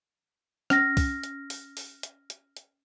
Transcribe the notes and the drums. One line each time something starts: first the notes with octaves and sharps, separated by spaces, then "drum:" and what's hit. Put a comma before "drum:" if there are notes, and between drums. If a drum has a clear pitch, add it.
C#4 F6 A#6, drum: rim click
drum: kick, open hi-hat
drum: hi-hat
drum: open hi-hat
drum: open hi-hat
drum: hi-hat
drum: hi-hat
drum: hi-hat